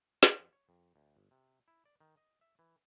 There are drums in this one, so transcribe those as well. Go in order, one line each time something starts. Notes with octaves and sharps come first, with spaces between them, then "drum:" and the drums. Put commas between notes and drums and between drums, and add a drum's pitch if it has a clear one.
drum: snare
F2
C#5
F2
D2
G1
C3
E4
D5
D#3
D#5
E5
E3